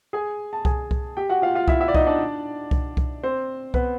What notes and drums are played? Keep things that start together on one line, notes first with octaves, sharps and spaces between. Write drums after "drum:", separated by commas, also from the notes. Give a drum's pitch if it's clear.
G#4 G#5
A5
G#4 G#5, drum: kick C2
drum: kick C2
G4 G5
F#4 F#5
F4 F5
F4 F5
E4 E5, drum: kick C2
E4 E5
D5
D#4 D#5, drum: kick C2
D4 D5
drum: kick C2
drum: kick C2
C4 C5
B3 B4, drum: kick C2